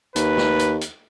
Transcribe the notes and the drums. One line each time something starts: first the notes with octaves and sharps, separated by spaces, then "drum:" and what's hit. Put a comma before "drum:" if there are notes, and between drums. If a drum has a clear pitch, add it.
D#2 B4, drum: hi-hat
drum: snare
drum: hi-hat
drum: hi-hat